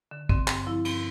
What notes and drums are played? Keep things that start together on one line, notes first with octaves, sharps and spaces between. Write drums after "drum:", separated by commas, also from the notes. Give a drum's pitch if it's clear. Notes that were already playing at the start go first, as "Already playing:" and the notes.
D3
D3 C4, drum: kick
G2 C4, drum: clap
F3 E4
G2 C4, drum: cymbal